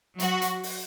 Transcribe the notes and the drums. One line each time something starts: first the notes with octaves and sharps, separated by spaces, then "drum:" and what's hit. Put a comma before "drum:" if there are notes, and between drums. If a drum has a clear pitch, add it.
F#3 F#4, drum: hi-hat
drum: hi-hat
drum: open hi-hat